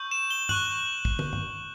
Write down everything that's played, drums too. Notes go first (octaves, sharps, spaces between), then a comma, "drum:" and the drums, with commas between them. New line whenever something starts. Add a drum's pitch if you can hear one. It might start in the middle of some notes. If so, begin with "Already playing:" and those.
Already playing: C#6 E6 G6
E7
G7
C#6 F#6 F#7, drum: tom G2
drum: kick
drum: tom
drum: tom G2